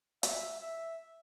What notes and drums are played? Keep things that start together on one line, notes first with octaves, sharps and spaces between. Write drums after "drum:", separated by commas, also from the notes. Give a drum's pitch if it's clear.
E5, drum: hi-hat
E5